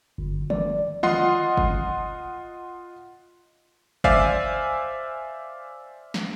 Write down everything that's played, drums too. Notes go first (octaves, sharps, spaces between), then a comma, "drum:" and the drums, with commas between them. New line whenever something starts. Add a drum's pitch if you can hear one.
G1
D5, drum: tom
F4 D#5 F#5 C6, drum: tom
drum: kick G1
C5 D5 E5 F5 G#5, drum: kick G1
drum: snare